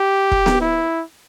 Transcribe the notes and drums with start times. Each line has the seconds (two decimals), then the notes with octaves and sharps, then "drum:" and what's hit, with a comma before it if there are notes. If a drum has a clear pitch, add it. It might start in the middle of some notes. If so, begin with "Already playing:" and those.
Already playing: G4
0.31 drum: kick
0.46 drum: snare B3
0.61 E4